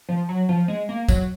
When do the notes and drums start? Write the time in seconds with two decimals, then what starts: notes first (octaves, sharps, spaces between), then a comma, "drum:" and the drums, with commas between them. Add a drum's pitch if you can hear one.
0.09 F3
0.29 F#3
0.49 F3
0.68 G#3
0.89 A#3
1.09 F#3, drum: kick, tambourine